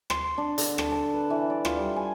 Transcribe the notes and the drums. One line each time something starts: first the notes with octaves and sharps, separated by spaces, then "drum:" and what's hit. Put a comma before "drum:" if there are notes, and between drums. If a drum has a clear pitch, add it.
C6, drum: rim click
D4
D3, drum: hi-hat
A4, drum: rim click
A5
B4
E3
D5
F4, drum: rim click
G3
G#5